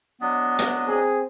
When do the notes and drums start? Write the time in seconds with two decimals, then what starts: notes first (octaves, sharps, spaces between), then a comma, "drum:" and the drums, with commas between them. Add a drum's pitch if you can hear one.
0.22 F#3 B3 D4 D#5
0.59 drum: hi-hat
0.87 C4 G#4